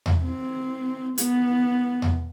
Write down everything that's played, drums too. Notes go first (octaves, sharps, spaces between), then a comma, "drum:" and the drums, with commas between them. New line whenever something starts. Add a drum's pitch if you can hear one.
drum: tom E2
C4
B3, drum: hi-hat
drum: tom E2